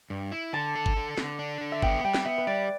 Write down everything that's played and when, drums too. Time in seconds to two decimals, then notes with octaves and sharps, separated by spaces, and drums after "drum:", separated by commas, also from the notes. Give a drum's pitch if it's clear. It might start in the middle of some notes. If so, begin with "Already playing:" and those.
0.10 G2
0.32 E4
0.53 D3 A5
0.75 A4
0.86 drum: kick
0.97 D3
1.18 D3, drum: snare
1.39 D4
1.61 D3
1.72 E5
1.82 B3 G5, drum: kick
2.04 G3 G5
2.14 drum: snare
2.25 B3 E5
2.38 B4
2.47 G3 D5